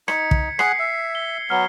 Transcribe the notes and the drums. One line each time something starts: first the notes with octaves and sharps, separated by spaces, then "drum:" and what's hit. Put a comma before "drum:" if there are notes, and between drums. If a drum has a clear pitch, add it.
D#4 G#6 B6 C#7, drum: rim click
drum: kick
G#4 F#5 C7, drum: rim click
E5
G7
F#3 B3 F6 G7